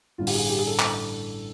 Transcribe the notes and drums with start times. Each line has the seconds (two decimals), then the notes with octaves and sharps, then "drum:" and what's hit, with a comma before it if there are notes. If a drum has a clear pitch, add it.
0.18 A1 G2 D3 F4
0.27 G4, drum: open hi-hat
0.35 G#4
0.49 G4
0.59 G#4
0.67 A4
0.79 drum: clap